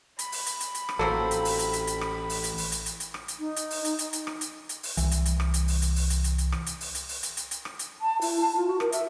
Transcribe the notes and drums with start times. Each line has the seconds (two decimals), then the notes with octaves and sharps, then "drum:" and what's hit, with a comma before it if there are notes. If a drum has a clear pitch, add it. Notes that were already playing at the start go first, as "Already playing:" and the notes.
0.19 B5, drum: hi-hat
0.32 drum: open hi-hat
0.46 drum: hi-hat
0.60 drum: hi-hat
0.75 drum: hi-hat
0.89 drum: rim click
0.99 A1 F#3 A#3 C4 A4
1.31 drum: hi-hat
1.45 drum: open hi-hat
1.59 drum: hi-hat
1.73 drum: hi-hat
1.87 drum: hi-hat
2.01 drum: rim click
2.30 drum: open hi-hat
2.44 drum: hi-hat
2.58 drum: open hi-hat
2.72 drum: hi-hat
2.86 drum: hi-hat
3.00 drum: hi-hat
3.14 drum: rim click
3.28 drum: hi-hat
3.39 D#4
3.56 drum: hi-hat
3.71 drum: open hi-hat
3.85 drum: hi-hat
3.99 drum: hi-hat
4.13 drum: hi-hat
4.27 drum: rim click
4.41 drum: hi-hat
4.69 drum: hi-hat
4.83 drum: open hi-hat
4.97 C2 E3, drum: hi-hat
5.11 drum: hi-hat
5.26 drum: hi-hat
5.40 drum: rim click
5.54 drum: hi-hat
5.68 drum: open hi-hat
5.82 drum: hi-hat
5.96 drum: open hi-hat
6.10 drum: hi-hat
6.24 drum: hi-hat
6.38 drum: hi-hat
6.52 drum: rim click
6.66 drum: hi-hat
6.81 drum: open hi-hat
6.95 drum: hi-hat
7.09 drum: open hi-hat
7.23 drum: hi-hat
7.37 drum: hi-hat
7.51 drum: hi-hat
7.65 drum: rim click
7.79 drum: hi-hat
8.01 A5
8.22 E4, drum: open hi-hat
8.40 A5
8.56 F4
8.67 F#4
8.80 A#4, drum: rim click
8.92 E5, drum: hi-hat